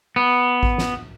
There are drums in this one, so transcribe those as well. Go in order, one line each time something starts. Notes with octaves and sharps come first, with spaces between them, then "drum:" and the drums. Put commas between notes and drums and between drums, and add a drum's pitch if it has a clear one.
B3
drum: kick A1
drum: snare